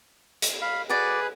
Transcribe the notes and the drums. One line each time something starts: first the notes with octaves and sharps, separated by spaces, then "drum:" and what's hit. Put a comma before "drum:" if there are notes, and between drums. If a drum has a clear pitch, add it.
drum: hi-hat
F5 B5
F#4 G#4 B4 D5